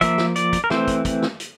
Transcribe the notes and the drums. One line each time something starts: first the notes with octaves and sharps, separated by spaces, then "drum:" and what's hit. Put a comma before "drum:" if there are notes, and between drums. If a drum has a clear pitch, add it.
F3 A#3 E5, drum: kick, hi-hat
drum: snare
D5, drum: hi-hat
drum: kick, hi-hat
A#4
E3 A3 C4 C5, drum: snare
drum: kick, hi-hat
drum: kick, hi-hat
drum: snare
drum: hi-hat